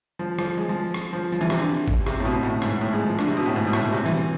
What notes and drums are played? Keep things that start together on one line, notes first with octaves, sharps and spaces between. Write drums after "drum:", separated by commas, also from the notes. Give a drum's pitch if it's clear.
F3
F3, drum: rim click
G#3
F3
drum: rim click
F3
F3
E3
C3, drum: rim click
D3
drum: kick G#1
C3, drum: rim click
A2
B2
A2
G#2, drum: rim click
A2
G#3
F3
D3, drum: rim click
C3
B2
A2
G#2
B2
A2, drum: rim click
C3
E3